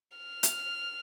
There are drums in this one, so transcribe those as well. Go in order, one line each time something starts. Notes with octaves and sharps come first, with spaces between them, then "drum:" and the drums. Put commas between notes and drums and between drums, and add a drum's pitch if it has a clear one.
F6
drum: hi-hat